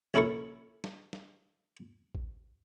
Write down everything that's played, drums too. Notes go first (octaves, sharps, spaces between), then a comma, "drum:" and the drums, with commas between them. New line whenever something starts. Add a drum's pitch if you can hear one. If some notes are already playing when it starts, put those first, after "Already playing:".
A#1 C#4 E4 A4 A#4 C#6
drum: snare
drum: snare
drum: kick A1